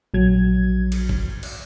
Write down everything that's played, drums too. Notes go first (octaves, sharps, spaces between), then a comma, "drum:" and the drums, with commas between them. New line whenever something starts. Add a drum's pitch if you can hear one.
A#1 F#3 G#6
drum: cymbal
drum: kick
drum: cymbal